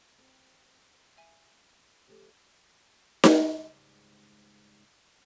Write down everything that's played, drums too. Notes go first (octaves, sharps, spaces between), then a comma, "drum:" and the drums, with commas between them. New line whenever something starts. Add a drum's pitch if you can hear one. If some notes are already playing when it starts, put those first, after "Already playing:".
C4
E5 G#5
C#3 F3 A3 G4
drum: snare D#4
C#2 G#2 G3 G#3